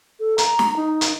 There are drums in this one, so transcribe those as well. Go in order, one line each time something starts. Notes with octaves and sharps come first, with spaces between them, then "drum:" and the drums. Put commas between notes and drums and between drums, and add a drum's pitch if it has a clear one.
A4
A#5, drum: hi-hat
drum: snare
D#4
drum: hi-hat